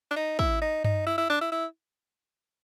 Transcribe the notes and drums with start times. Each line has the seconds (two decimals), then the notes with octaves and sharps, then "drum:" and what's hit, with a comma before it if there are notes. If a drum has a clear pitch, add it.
0.11 D4
0.16 D#4
0.39 E4, drum: kick
0.62 D#4
0.84 D#4, drum: tom G2
1.06 E4
1.18 E4
1.30 D4
1.41 E4
1.52 E4